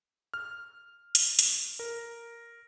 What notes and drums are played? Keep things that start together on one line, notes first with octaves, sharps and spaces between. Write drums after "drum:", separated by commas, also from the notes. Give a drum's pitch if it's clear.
F6
drum: hi-hat
drum: hi-hat
A#4